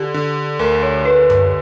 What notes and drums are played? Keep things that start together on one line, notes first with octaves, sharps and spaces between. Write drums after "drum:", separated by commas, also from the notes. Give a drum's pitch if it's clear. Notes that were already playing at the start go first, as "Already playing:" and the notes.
Already playing: D3 G4
D3
D2 A#4
C#5
D2 B4
drum: tom F#2